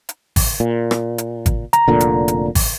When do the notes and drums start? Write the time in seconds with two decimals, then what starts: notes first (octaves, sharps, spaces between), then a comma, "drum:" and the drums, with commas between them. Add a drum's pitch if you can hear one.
0.09 drum: hi-hat
0.36 drum: kick G#1, open hi-hat
0.60 A#2
0.91 drum: rim click
1.18 drum: hi-hat
1.46 drum: kick G#1, hi-hat
1.73 A#5, drum: hi-hat
1.88 F1 A#2 D3
2.00 drum: hi-hat
2.28 drum: hi-hat
2.55 drum: kick G#1, open hi-hat